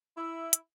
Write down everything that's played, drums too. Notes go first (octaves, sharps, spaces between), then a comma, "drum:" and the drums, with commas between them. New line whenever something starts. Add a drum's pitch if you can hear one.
E4
drum: hi-hat